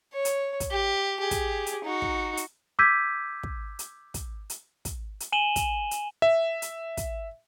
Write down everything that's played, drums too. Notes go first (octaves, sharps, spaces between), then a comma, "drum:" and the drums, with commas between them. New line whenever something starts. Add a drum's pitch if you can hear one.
C#5
drum: hi-hat
drum: kick, hi-hat
G4
G4 G#4
drum: kick, hi-hat
drum: hi-hat
D#4 F#4
drum: kick
drum: hi-hat
D6 E6 G6 G#6 B6 D#7
drum: kick
drum: hi-hat
drum: kick, hi-hat
drum: hi-hat
drum: kick, hi-hat
drum: hi-hat
G#5 D#7 E7 F#7 G7
drum: kick, hi-hat
drum: hi-hat
E5
drum: hi-hat
drum: kick, hi-hat